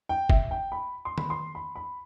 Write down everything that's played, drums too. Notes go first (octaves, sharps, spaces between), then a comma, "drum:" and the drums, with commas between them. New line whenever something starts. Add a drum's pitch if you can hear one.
G5
E5, drum: kick
G5
B5
C6
B5, drum: tom D#3
C6
B5
B5